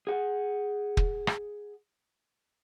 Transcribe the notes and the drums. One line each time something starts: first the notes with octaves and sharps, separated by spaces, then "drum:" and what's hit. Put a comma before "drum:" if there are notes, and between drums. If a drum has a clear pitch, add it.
G#4 F#5
drum: kick
drum: rim click